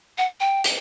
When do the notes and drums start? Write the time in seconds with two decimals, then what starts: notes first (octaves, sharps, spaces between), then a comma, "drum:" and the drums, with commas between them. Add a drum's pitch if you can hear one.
0.18 F#5
0.40 G5
0.64 drum: hi-hat